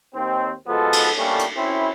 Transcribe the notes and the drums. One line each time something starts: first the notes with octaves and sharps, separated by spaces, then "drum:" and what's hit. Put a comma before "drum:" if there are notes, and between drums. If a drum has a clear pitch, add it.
D#2 C4
B2 F3 G#3 B3 F4 A4
drum: cymbal
G3 A3 A#3 C#4 D4
drum: hi-hat
F#2 C4 C#4 E4